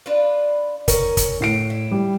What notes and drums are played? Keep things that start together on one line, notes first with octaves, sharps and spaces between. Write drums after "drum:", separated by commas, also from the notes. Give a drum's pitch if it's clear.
D4 F4 B4
C#4 A#4, drum: kick, hi-hat
drum: kick, hi-hat
A2 C7 D7
E4
G3